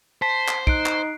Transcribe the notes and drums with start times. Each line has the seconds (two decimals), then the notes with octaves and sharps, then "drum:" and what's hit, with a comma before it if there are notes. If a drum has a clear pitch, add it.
0.22 C5 A5 B6
0.48 drum: clap
0.67 D#4 F#6 C7 D7, drum: kick
0.86 drum: clap